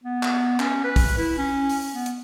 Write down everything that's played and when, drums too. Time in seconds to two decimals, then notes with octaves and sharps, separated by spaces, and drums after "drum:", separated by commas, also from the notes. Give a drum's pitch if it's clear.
0.03 B3
0.23 drum: clap
0.59 C#4, drum: clap
0.84 B4
0.96 drum: kick, open hi-hat
1.18 E4
1.38 C#4
1.69 drum: open hi-hat
1.93 B3
2.06 drum: hi-hat